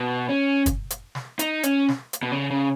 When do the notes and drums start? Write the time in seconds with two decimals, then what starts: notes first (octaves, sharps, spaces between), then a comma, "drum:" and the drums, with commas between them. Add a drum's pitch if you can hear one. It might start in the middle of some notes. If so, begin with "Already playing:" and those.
Already playing: B2
0.29 C#4
0.66 drum: kick, hi-hat
0.90 drum: hi-hat
1.15 drum: snare
1.39 D#4, drum: hi-hat
1.63 C#4, drum: hi-hat
1.89 drum: snare
2.13 drum: hi-hat
2.23 B2
2.32 C#3
2.50 C#3